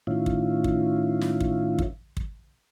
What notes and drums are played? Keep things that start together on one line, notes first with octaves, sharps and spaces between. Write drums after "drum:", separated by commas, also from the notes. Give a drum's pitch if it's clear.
A2 D#3 C#4 E4 F4
drum: kick
drum: kick
drum: snare
drum: kick
drum: kick
drum: kick